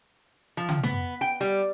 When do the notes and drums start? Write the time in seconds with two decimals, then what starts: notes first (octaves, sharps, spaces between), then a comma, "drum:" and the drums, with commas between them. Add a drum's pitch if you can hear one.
0.57 F3
0.69 drum: tom C#3
0.83 B3, drum: snare
1.21 G5
1.41 G3